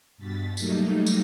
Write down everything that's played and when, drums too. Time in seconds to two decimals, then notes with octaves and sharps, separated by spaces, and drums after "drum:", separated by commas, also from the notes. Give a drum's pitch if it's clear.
0.18 G2 B2 A6 B6
0.57 F#3 G3 A3 A#3 D#4, drum: tambourine
1.06 drum: tambourine